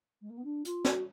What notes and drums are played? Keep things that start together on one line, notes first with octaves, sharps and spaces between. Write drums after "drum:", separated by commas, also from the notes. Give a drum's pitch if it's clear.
G#3
A#3
B3
D4
F4, drum: hi-hat
F#4, drum: snare